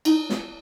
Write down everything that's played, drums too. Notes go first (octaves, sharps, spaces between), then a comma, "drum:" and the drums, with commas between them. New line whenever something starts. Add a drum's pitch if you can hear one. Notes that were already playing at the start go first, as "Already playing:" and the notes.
D#4, drum: cymbal
drum: snare